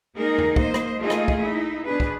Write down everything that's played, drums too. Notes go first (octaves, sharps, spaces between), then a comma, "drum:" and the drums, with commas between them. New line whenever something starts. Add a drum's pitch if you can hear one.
G#3 A#3 D#4 G#4 A#4
drum: tom E2
A#3 C5 D#5, drum: kick
drum: rim click
A3 A#3 D#4 F4 G#4
drum: rim click
drum: kick
D#4 E4
B2 D4 G#4 B4
drum: kick